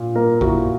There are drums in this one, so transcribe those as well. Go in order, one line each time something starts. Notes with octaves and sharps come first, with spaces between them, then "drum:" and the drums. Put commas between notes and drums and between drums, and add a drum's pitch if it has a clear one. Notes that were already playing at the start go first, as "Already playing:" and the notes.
Already playing: A#2
A#3 A#4
E4 F#4, drum: kick A1